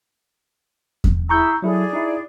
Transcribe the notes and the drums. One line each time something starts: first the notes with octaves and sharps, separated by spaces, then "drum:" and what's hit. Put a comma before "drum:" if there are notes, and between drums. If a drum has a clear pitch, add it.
drum: kick E2
E4 G#4 A#5 C#6 E6 G6
F#3 E4 G#4 A4 D5
D#4 E4